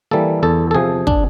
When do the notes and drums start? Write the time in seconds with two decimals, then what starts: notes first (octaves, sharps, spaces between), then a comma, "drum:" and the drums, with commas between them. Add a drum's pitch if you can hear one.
0.11 E3 G3 A#3 A4
0.43 E2 A4
0.71 A4
0.75 C3 F3 G#4
1.07 D4, drum: kick